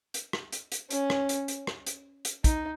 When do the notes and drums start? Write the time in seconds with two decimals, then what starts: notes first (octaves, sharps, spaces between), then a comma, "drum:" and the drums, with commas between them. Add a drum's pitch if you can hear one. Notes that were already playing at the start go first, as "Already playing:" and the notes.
0.14 drum: hi-hat
0.33 drum: rim click
0.52 drum: hi-hat
0.72 drum: hi-hat
0.90 C#4, drum: hi-hat
1.10 drum: rim click
1.29 drum: hi-hat
1.48 drum: hi-hat
1.67 drum: rim click
1.87 drum: hi-hat
2.25 drum: hi-hat
2.44 D#4, drum: kick, hi-hat